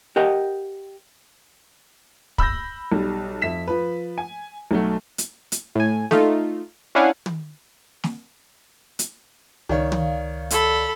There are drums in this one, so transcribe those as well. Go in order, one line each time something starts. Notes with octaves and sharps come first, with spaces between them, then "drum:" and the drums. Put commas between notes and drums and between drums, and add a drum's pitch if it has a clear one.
G4 A#4 D#5 F#5
B5 E6 G6 A#6, drum: kick
B1 G3
F2 E5 B6 E7
F3 B4
G#5
B1 F#3 A3
drum: hi-hat
drum: hi-hat
A2 G#5
A3 D#4 F4, drum: snare
C#4 D4 E4 F5 F#5 G#5
drum: tom
drum: snare
drum: hi-hat
C#2 D#3 C#5 D5 F5
drum: tom
A4 B5, drum: hi-hat